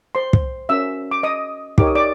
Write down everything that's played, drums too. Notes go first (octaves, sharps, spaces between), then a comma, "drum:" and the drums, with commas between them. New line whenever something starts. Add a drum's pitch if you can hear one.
C5 C6
drum: kick
C#4 F#4 A#4 E5 E6
D6
D#5 D#6
D#4 G4 A#4 C#5 D6, drum: kick
D#6
D5 D6